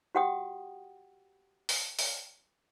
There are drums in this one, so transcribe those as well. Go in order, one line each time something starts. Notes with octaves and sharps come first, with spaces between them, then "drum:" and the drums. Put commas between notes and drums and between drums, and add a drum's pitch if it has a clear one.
F#4 G4 F#5 G5 D#6
drum: open hi-hat
drum: open hi-hat